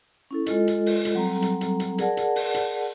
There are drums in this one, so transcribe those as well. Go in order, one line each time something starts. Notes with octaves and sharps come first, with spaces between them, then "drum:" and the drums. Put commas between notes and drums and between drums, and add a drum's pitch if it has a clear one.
C#4 E4 A4
G#3 F4 A4 D#5, drum: hi-hat
drum: hi-hat
drum: open hi-hat
drum: hi-hat
F#3 G3 C4 A4 A#5
drum: hi-hat
drum: hi-hat
drum: hi-hat
G#4 A#4 D5 F#5 A5, drum: hi-hat
drum: hi-hat
drum: open hi-hat
drum: hi-hat